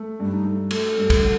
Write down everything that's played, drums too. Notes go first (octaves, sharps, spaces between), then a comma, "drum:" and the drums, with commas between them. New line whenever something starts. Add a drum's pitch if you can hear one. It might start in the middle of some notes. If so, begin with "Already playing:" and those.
Already playing: A3
G2 D4
D#4
A3
A3 A4, drum: cymbal
G2
drum: kick, cymbal
D3